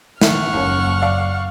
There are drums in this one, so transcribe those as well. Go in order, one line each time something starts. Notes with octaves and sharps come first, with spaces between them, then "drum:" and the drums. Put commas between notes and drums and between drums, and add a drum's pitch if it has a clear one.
D#3 F#5 C#6 F6, drum: snare
F#1 D#2 C#4
D5 F5